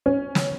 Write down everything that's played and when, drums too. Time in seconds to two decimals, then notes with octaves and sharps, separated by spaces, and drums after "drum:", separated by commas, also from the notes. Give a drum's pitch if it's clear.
0.06 C#4
0.35 drum: snare